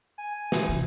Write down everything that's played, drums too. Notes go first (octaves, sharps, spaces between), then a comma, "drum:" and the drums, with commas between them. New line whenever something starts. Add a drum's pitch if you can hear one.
G#5
E3, drum: snare
C3